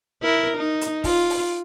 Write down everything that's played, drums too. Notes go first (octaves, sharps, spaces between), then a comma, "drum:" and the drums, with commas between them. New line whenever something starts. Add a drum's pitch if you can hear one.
E4 A#4
D#4
drum: hi-hat
F4, drum: kick, open hi-hat
drum: open hi-hat